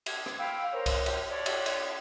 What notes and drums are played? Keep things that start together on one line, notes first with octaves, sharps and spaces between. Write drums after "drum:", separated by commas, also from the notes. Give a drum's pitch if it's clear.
G#6, drum: cymbal
drum: rim click
F5 G5 B5 E6
A#4 C5 C#5
drum: kick C2, cymbal
drum: cymbal
C#5 D5
drum: cymbal
drum: cymbal